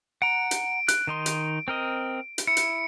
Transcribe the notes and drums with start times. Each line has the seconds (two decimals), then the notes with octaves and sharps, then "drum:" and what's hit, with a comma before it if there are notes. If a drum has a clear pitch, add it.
0.22 F#5 A#5 D7
0.51 drum: hi-hat
0.88 F#6, drum: hi-hat
1.07 D#3 D#4 C6
1.26 drum: hi-hat
1.68 C4 A#4 D#5
2.38 drum: hi-hat
2.47 E4 C#7
2.57 drum: hi-hat